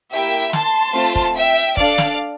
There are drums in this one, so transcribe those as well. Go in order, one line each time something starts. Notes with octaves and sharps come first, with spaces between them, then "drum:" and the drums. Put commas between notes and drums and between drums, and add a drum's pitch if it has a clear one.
A#3 E4 G4 E5 G5
A5 C6, drum: snare
A3 C4 F4
drum: kick
E5 G5
D4 A4 D5 F5, drum: kick
drum: snare